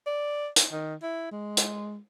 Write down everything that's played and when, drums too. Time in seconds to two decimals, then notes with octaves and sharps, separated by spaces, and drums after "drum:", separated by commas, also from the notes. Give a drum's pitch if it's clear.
0.06 D5
0.56 drum: hi-hat
0.72 D#3
1.02 E4
1.32 G#3
1.57 drum: hi-hat